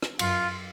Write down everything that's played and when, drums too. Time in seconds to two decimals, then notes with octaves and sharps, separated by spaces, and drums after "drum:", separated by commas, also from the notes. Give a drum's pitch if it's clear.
0.02 drum: rim click
0.19 F#2 F4, drum: cymbal